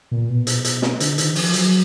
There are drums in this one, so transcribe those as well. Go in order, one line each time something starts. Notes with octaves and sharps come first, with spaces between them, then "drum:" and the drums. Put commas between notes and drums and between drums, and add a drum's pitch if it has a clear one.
A#2
B2
drum: hi-hat
drum: hi-hat
drum: snare
D3, drum: hi-hat
D#3, drum: hi-hat
F3, drum: open hi-hat
F3
F#3, drum: hi-hat